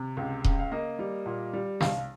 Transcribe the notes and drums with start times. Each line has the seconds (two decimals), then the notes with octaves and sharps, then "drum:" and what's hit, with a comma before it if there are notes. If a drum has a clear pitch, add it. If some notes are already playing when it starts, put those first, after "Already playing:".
Already playing: C3
0.17 C#2
0.44 C#3, drum: kick D#1
0.59 F5
0.72 A#3 D#5
0.99 G3
1.26 A#2
1.53 G3
1.81 C2 F5, drum: snare